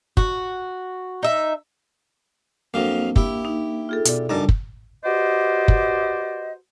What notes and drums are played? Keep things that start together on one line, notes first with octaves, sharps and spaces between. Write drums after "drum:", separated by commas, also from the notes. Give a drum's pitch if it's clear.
F#4, drum: kick
D#4 E5
F2 F#3 A#3 D4 F5
E4 G4, drum: kick
D#4
F4 G#4 A4
B2 D5, drum: hi-hat
F#2 C#3 G3 D4 D#4 D5 A5 D6
drum: kick
F#4 G4 B4 C5 D5 D#5
drum: kick